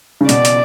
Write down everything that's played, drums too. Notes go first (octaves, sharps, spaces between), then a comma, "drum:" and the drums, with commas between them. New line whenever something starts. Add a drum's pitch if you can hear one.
C#3
B2 D5, drum: hi-hat
drum: hi-hat